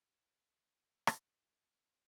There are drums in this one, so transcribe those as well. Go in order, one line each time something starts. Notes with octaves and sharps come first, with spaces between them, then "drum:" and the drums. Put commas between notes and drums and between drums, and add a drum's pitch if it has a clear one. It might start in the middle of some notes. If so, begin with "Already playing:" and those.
D#5 G#5 A#5
drum: rim click